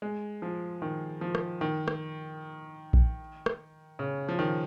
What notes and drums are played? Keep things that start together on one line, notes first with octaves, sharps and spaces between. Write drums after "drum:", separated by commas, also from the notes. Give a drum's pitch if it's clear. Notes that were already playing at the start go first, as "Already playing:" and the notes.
G#3
F3
D#3
F3
drum: rim click
D#3
drum: rim click
drum: kick A#1
drum: rim click
C#3
F3
D#3